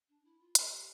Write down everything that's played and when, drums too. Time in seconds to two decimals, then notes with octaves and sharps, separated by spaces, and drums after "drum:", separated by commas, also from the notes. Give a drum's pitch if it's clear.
0.08 D4
0.24 E4
0.40 F4
0.55 A4, drum: hi-hat
0.70 G4